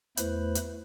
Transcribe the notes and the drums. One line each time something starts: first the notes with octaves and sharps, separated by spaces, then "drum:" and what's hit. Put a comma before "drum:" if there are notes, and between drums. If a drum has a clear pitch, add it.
E2 A3 E4 B4 C5 B5, drum: hi-hat
drum: hi-hat